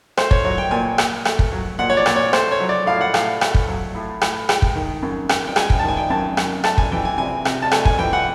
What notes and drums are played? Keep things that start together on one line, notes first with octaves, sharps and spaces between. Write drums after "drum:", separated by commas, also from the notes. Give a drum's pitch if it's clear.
A3 C5, drum: rim click
C#5, drum: kick
F#3 C#5
G5
A#2 G#5
A#2, drum: rim click
A3, drum: rim click
drum: kick
F#3
A#2 F#5
C#5
D5
A#2, drum: rim click
C#5
A3 C5, drum: rim click
C#5
F#3
D5
A2 F5
F#5
A2 F5, drum: rim click
A3, drum: rim click
drum: kick
F#3
A2
A2, drum: rim click
G#3 G5, drum: rim click
drum: kick
D#3
F#2
F#2, drum: rim click
G5
G#3 G#5, drum: rim click
G5, drum: kick
A5
D#3 G#5
G5
F#2 A5
F#2, drum: rim click
A3 A5, drum: rim click
G#5, drum: kick
E3 G5
G#5
C3 G#5
C3, drum: rim click
A5
A3 G#5, drum: rim click
G#5, drum: kick
E3 G5
F#5